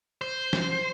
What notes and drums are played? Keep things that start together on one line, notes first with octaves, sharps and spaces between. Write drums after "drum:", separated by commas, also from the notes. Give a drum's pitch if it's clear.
C5
drum: snare